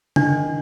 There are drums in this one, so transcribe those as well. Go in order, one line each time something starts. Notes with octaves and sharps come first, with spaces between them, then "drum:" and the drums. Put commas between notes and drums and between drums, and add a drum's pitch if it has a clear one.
D#3 D4, drum: tom C#3